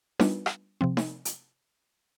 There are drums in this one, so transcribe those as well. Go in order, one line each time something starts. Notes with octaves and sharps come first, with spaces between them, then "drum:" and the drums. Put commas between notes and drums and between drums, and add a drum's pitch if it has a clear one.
G3 B3 D4 F4 B4, drum: snare D#4
drum: rim click
C3 F3 C4
drum: snare D#4
drum: hi-hat